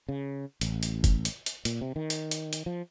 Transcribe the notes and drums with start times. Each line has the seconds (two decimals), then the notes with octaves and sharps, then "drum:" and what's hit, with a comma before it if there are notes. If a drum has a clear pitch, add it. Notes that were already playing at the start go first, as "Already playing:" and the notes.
0.09 C#3
0.61 A1, drum: hi-hat
0.83 drum: hi-hat
1.04 drum: kick F#1, hi-hat
1.25 drum: hi-hat
1.46 drum: hi-hat
1.65 A#2, drum: hi-hat
1.81 C3
1.96 D#3
2.10 drum: hi-hat
2.31 drum: hi-hat
2.53 drum: hi-hat
2.66 F3